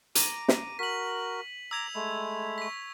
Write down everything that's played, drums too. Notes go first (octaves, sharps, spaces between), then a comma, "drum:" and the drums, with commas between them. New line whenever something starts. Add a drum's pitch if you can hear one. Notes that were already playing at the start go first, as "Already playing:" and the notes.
A#5 D6 D#7, drum: hi-hat
drum: snare
F#4 A#4 B6 F#7
A#5 D6 E6 G#6 F7
G#3 A3 B5
C#6 B6